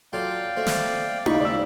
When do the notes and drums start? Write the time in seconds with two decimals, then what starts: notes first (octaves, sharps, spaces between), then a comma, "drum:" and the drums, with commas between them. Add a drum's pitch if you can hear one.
0.13 F#3 F4 A4 D5 F5 G5
0.56 A3 C4
0.66 drum: snare
1.26 D#2 C#3 D#4 B5 C#6, drum: tom E4
1.41 G#2 D5 E6